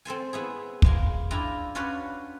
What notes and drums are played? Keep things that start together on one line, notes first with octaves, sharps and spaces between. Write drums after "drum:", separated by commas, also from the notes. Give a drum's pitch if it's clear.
C4 A4 C5 G#5
B3 E4 G#4
G#3 A#3 G#5, drum: kick
D4 E4 F4 G5 G#5 A#5
C#4 D4 F4 F#4 B4 C#5